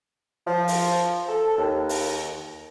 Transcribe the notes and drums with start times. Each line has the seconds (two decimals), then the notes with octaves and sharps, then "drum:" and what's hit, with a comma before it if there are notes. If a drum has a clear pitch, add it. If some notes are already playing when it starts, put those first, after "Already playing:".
0.47 F3
0.68 drum: open hi-hat
1.29 A4
1.58 D#2
1.89 drum: open hi-hat